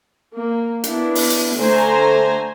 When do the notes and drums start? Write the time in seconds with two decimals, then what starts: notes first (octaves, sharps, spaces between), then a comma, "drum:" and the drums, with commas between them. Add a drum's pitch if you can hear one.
0.36 A#3
0.84 B3 D4 E4, drum: hi-hat
1.15 drum: open hi-hat
1.30 drum: hi-hat
1.58 D3 A3 C5 G#5 A#5